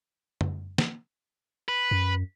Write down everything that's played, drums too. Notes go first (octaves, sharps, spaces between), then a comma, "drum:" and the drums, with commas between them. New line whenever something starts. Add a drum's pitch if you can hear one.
drum: tom F#2
drum: snare
B4
F#2